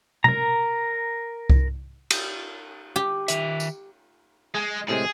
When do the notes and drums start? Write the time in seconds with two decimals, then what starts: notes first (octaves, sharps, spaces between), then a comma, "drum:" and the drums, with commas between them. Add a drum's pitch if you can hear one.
0.24 A#4 A#5, drum: tom B2
1.50 drum: kick C2
2.11 drum: cymbal
2.96 G4
3.28 D#3 E5, drum: hi-hat
3.60 drum: tambourine
4.54 G#3 G#4
4.88 A2 C3 G#3 G#4